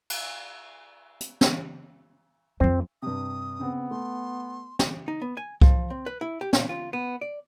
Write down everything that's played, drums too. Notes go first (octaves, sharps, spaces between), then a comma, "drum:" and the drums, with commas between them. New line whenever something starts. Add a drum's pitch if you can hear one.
drum: cymbal
drum: hi-hat
drum: snare
F2 F3 C4
G2 C3 D#6
C#3 B3 C4
A3 C6
drum: snare
D#4
B3
G#5
F3, drum: kick C2
C4
B4
E4
G4
A#2, drum: snare
F4
B3
D5